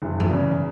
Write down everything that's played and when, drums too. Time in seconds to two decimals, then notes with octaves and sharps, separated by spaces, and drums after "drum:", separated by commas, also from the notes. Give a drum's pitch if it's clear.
0.02 F#1
0.20 drum: tom G2
0.30 E2 C#3